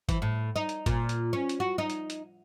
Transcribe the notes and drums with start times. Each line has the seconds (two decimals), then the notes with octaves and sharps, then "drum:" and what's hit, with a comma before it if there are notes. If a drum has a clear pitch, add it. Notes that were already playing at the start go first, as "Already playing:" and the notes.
0.09 E3, drum: kick G1, hi-hat
0.22 A2
0.56 D#4
0.69 drum: hi-hat
0.86 A#2, drum: kick G1, hi-hat
1.09 drum: hi-hat
1.33 C#4
1.49 drum: hi-hat
1.60 F#4
1.78 D#4
1.90 drum: hi-hat
2.10 drum: hi-hat